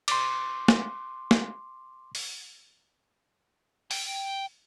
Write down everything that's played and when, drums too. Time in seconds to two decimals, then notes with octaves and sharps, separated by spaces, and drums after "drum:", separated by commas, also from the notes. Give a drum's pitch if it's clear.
0.08 C6 D6, drum: cymbal
0.68 drum: snare
1.31 drum: snare
2.15 drum: open hi-hat
3.91 G5, drum: open hi-hat